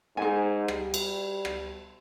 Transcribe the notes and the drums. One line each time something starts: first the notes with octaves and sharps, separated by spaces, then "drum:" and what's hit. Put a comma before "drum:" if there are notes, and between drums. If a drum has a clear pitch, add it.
G#2 G#4 G#5
G3, drum: rim click
drum: cymbal
drum: rim click